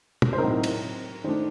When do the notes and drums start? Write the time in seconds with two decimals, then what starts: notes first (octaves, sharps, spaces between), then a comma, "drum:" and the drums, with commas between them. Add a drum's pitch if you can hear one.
0.22 drum: tom
0.33 C5
0.38 A2 F#3 C4 D#4 A#4
0.64 drum: cymbal
1.24 D#3 A3 D4 C5